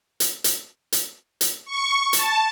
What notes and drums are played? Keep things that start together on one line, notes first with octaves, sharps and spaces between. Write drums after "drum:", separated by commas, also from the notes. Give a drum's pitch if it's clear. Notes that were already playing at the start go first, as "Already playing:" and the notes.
drum: hi-hat
drum: hi-hat
drum: hi-hat
drum: hi-hat
C#6
A5, drum: hi-hat